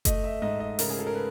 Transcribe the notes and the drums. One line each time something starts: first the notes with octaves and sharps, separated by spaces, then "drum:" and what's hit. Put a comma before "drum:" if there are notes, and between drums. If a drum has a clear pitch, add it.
A3 D#5, drum: kick F#1, hi-hat
E5
G#2 D#5
D#5
C#3 A#4, drum: open hi-hat
G#4
A4
A#4
B4